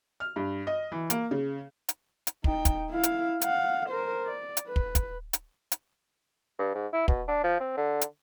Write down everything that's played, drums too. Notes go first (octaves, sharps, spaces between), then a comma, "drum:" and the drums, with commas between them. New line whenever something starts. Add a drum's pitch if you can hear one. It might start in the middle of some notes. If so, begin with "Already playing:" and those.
F6
G2
D#5
E3
A#3, drum: hi-hat
C#3
drum: hi-hat
drum: hi-hat
D#4 G5, drum: kick
drum: kick, hi-hat
E4 F5
drum: hi-hat
F5 F#5, drum: hi-hat
A#4 C5
D5
drum: hi-hat
B4
drum: kick
drum: kick, hi-hat
drum: hi-hat
drum: hi-hat
G2
G#2
E4
B2, drum: kick
D4
F3
C4
D3
drum: hi-hat